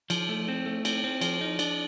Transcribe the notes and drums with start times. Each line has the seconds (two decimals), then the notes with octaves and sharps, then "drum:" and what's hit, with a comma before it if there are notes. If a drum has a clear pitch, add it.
0.10 F3, drum: cymbal
0.29 A3
0.48 C4
0.66 A3
0.85 C4, drum: cymbal
1.04 C4
1.21 F3, drum: cymbal
1.41 D#4
1.59 D4, drum: cymbal